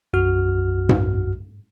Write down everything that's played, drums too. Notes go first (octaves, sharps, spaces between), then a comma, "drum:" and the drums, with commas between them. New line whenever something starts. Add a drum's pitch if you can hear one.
B1 F#2 F#4 F6
drum: tom G#2